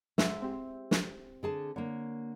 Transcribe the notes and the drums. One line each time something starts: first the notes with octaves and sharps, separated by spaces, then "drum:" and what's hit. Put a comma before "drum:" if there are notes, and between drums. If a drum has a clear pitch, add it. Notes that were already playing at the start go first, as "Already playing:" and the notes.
G#2 E5, drum: snare
C4 E4 G4
drum: snare
D3 G#4 A5
D3 A#3 A#4 C#5